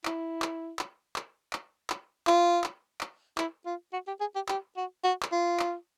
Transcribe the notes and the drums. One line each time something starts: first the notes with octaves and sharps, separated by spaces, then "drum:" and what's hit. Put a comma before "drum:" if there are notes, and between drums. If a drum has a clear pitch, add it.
E4, drum: clap
drum: clap
drum: clap
drum: clap
drum: clap
drum: clap
F4, drum: clap
drum: clap
drum: clap
E4, drum: clap
F4
F#4
G4
G#4
G4
G4, drum: clap
F#4
F#4
drum: clap
F4
drum: clap